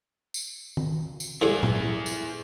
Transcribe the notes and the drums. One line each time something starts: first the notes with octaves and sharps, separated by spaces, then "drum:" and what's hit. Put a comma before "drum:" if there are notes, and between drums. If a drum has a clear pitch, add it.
drum: tambourine
drum: tom D#3
drum: tambourine
G2 D3 E3 E4 G#4
drum: tom A#2
drum: tambourine